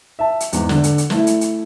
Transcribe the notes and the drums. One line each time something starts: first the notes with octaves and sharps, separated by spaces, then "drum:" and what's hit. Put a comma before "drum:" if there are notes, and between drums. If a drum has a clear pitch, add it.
E5 A5
drum: hi-hat
E2 G#2, drum: hi-hat
D3, drum: snare
drum: hi-hat
drum: hi-hat
A3 E4, drum: snare
drum: hi-hat
drum: hi-hat